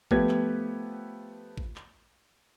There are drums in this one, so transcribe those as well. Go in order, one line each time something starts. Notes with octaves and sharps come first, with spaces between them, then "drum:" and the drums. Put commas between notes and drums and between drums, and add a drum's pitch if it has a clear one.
F3 A3 B3 G4 B4 G#6, drum: kick A1
drum: clap
drum: kick A1
drum: clap